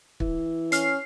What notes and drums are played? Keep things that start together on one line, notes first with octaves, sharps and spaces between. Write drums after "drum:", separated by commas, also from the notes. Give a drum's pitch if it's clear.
E3, drum: kick
C#4 F6 C7, drum: hi-hat